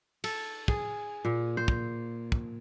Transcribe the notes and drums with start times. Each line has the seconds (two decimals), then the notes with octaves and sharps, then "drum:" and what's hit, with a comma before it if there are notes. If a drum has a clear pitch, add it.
0.24 A4, drum: cymbal
0.68 G#4, drum: kick
1.25 A#2
1.57 C5
1.68 drum: kick
2.32 drum: kick